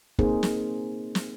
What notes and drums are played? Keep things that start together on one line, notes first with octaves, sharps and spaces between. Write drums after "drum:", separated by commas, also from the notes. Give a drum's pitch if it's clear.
A#3 C4 D#4 G#4 A#4 C5, drum: kick
drum: snare
drum: snare